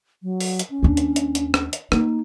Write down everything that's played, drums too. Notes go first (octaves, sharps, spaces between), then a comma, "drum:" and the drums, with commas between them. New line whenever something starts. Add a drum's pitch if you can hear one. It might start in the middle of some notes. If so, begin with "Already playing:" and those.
F#3
drum: open hi-hat
drum: hi-hat
C#4
D#2 D4
drum: hi-hat
drum: hi-hat
drum: hi-hat
drum: rim click
drum: hi-hat
A#3 D#4, drum: rim click